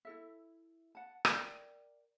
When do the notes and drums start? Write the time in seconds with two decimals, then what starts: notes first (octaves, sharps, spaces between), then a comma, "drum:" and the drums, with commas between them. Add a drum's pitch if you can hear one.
0.05 E4 A4 E5
0.95 F#5 A5
1.25 A#4 D5 E5 G5, drum: rim click